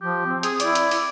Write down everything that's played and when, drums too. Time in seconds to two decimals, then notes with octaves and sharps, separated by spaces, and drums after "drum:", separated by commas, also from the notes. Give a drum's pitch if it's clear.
0.01 F3 G4
0.26 C4
0.43 G#4, drum: hi-hat
0.60 E4 D5, drum: hi-hat
0.75 drum: hi-hat
0.91 drum: open hi-hat